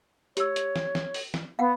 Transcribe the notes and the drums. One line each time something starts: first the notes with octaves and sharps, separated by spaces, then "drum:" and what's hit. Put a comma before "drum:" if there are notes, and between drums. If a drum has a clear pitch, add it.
G4 C#5 E6, drum: hi-hat
drum: hi-hat
drum: snare
drum: snare
drum: open hi-hat
drum: snare
B3 F5 F#5